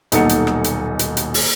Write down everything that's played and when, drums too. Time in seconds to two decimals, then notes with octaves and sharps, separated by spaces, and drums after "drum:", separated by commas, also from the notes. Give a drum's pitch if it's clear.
0.12 D#1 B1 D#4 A4 F#5 C#7, drum: hi-hat
0.29 drum: hi-hat
0.47 drum: rim click
0.64 drum: hi-hat
0.99 drum: hi-hat
1.17 drum: hi-hat
1.34 drum: open hi-hat